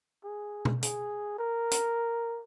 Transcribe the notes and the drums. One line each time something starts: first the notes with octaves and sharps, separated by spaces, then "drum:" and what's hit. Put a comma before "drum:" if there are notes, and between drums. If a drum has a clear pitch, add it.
G#4
drum: tom
G#4, drum: hi-hat
A#4
drum: hi-hat